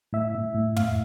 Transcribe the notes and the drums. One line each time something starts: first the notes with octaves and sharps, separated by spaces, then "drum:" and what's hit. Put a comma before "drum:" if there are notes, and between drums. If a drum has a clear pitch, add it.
A2 E5
A2
A2
A2 F5, drum: tom